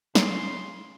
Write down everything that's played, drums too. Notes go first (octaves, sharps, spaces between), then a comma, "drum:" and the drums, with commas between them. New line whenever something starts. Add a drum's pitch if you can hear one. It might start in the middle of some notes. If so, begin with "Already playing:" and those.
C#3 C6, drum: snare